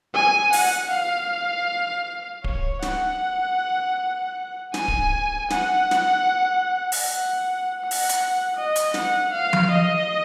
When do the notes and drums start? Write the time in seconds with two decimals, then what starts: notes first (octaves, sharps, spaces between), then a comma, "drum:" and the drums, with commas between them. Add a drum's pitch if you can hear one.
0.14 G#5
0.53 F#5, drum: open hi-hat
0.90 F5
2.44 C#5, drum: kick D1
2.82 F#5, drum: snare
4.74 G#5, drum: snare
4.88 drum: kick D1
5.50 F#5, drum: snare
5.91 drum: snare
6.92 drum: open hi-hat
7.04 F#5
7.80 F#5
7.91 drum: open hi-hat
8.09 drum: hi-hat
8.56 D#5
8.76 drum: hi-hat
8.94 F#5, drum: snare
9.32 F5
9.53 drum: tom F3
9.71 D#5